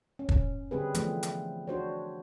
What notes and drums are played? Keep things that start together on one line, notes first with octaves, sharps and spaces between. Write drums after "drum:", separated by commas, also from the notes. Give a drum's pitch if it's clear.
C#4
drum: kick
D3 G3 C4 G#4 B4
E3 F3 A3 B3 C4, drum: hi-hat
drum: hi-hat
D4 F#4 C5 C#5